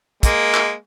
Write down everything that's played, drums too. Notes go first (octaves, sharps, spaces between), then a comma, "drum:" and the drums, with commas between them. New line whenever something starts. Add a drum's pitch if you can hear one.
G#3 A#3, drum: kick, hi-hat
drum: clap